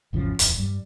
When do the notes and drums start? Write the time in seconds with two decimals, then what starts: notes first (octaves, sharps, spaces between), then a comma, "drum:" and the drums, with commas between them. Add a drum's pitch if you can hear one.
0.13 G#1 E2 C#3 F3
0.39 D1 E2, drum: hi-hat
0.57 G2 G3